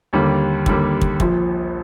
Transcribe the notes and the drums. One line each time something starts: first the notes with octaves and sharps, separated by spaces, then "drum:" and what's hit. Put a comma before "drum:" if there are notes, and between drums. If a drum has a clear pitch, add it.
D#2 D3 G3 A#3
D#2 D3 G3 A#3, drum: kick
drum: kick
A#1 A#2 F3, drum: kick